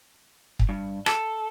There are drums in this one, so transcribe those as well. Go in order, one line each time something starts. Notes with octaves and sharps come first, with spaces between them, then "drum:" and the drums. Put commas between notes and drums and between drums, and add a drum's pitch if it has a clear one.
drum: kick
G2
A4, drum: rim click